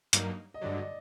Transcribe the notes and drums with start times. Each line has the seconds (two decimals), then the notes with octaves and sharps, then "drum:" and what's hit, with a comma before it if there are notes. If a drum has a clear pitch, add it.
0.13 G2 F#3 A#3 D#4, drum: hi-hat
0.54 D#5
0.61 G2 D3 F#3 D5
0.77 D#5